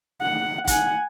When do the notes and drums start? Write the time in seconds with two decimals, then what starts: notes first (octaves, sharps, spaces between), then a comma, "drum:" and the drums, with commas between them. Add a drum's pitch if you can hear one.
0.21 F#5
0.67 F#5 G#5, drum: kick, hi-hat